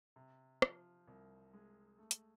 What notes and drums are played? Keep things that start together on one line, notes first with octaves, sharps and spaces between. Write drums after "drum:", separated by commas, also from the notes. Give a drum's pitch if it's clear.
C3
F3, drum: rim click
C2
G#3
A3
drum: hi-hat